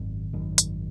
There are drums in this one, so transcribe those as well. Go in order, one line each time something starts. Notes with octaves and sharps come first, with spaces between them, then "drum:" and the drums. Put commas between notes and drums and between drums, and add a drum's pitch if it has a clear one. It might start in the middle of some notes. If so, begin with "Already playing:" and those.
Already playing: G#1 F#2 D#3
G#1 F#2 D#3
drum: hi-hat